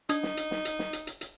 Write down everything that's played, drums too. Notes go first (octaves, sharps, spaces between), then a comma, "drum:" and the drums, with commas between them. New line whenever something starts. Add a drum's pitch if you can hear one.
D4 D#4 D#6 G#6, drum: hi-hat
drum: snare
drum: hi-hat
drum: snare
drum: hi-hat
drum: snare
drum: hi-hat
drum: hi-hat
drum: hi-hat